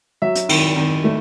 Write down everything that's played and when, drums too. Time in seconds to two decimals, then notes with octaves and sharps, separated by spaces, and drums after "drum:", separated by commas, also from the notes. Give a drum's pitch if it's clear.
0.22 F#3 E5
0.36 drum: hi-hat
0.49 D#3, drum: cymbal
0.76 D#3
1.04 A3